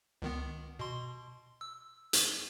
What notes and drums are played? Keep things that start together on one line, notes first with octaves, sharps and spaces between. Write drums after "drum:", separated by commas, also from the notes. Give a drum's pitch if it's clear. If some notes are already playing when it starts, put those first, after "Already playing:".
C#2 D#3 B3
B2 C6
E6
drum: hi-hat